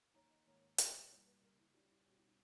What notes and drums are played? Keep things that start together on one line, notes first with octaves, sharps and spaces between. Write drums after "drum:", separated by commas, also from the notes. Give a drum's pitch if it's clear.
D#2 D#3 A#3 D#4 C#5
D#5
G#2 D#3 A#3 C#5
B2 G#3 D#4, drum: hi-hat
G2 E3 A#3 C#5
B4
C#3 G3 A#3 A#4
E4
G2 G3 C#4 D#4
E4
B2 G3 C#4 G4
E4
D#4